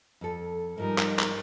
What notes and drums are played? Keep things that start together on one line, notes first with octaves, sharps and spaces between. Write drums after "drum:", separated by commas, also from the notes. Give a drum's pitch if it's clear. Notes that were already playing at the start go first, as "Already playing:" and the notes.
F2 A4
G#2 F3 G3 D#4 A#4
drum: clap
drum: clap